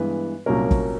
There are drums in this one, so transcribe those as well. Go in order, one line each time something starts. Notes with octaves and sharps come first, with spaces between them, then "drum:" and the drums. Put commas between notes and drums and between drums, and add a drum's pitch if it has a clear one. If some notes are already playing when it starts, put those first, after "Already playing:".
Already playing: G2 E3 G#3 B3 B4
C2 A#2 F#3 A#3 C#4 A#4
drum: kick